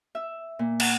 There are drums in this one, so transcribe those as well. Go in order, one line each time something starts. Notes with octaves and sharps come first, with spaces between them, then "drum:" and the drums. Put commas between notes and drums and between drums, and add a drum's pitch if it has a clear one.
E5
A#2
F#5, drum: cymbal